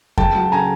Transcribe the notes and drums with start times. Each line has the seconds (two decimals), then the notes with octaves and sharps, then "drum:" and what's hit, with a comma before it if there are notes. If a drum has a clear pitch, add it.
0.18 C#2 G5 A5, drum: kick F2
0.35 F#3
0.52 C#3 G#5 A#5